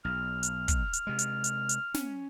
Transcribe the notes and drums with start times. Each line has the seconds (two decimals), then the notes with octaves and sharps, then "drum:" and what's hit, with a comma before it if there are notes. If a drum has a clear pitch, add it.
0.05 B1 F6
0.43 drum: hi-hat
0.68 drum: kick, hi-hat
0.93 drum: hi-hat
1.07 C3 G#3
1.19 drum: hi-hat
1.44 drum: hi-hat
1.69 drum: hi-hat
1.94 C#4, drum: snare